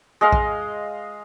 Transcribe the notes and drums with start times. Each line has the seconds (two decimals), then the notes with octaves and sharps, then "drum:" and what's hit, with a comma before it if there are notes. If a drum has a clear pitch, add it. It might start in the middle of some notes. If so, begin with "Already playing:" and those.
0.21 G#3 D#5 F5
0.32 drum: kick A#1